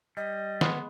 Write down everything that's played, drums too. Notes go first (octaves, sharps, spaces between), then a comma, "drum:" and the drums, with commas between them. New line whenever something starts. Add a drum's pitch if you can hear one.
G3 D#5
G#3 B3, drum: snare